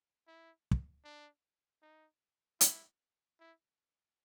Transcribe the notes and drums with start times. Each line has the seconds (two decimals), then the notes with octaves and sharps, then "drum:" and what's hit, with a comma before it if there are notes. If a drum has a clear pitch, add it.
0.27 E4
0.71 drum: kick
1.04 D4
1.82 D#4
2.61 E4, drum: hi-hat
3.40 E4